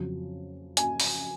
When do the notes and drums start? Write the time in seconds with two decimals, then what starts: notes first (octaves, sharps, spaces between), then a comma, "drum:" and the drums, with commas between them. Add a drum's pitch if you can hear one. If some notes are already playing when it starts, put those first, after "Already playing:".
Already playing: F2 C#3 F#3
0.77 G#5, drum: hi-hat
1.00 drum: open hi-hat